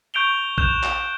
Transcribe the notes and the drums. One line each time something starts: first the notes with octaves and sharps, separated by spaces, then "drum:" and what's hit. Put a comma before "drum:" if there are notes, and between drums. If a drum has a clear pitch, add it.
C#6 G6 D7 F7 G7
F#6 G6 E7 F7, drum: kick A#1
drum: clap